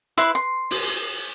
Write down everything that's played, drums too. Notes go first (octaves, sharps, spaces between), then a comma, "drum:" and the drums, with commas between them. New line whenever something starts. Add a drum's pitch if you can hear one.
E4 B4 C6, drum: hi-hat
C6
drum: open hi-hat